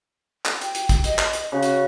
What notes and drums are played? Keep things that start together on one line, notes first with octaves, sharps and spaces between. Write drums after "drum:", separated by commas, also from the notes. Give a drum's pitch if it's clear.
drum: clap
G5, drum: hi-hat
drum: hi-hat
drum: kick, hi-hat
D#5, drum: hi-hat
drum: clap
drum: hi-hat
C#3 F#4
drum: hi-hat